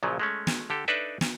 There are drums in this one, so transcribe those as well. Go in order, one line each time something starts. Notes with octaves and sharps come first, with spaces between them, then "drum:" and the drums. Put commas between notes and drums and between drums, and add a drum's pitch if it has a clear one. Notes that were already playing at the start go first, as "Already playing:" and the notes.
A#1 A#2 C#3 F3 F#3
G#3 A3 C#4
drum: snare
D3 G4 A4
D4 D#4 A4 B4 D5 E5
drum: snare